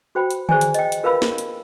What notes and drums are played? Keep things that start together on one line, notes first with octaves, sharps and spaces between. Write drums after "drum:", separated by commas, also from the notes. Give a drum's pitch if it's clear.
F#4 C5 G5 B5
drum: hi-hat
G#4 C5 D5 G#5, drum: tom D3
drum: hi-hat
D#5 G5, drum: hi-hat
drum: hi-hat
F4 A#4 B4 F5 B5 E6
A#4, drum: snare
drum: hi-hat